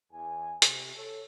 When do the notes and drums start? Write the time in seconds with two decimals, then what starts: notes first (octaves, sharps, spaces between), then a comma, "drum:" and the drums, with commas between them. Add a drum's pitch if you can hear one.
0.12 E2 G#5
0.62 C3, drum: hi-hat
0.95 A4 C#5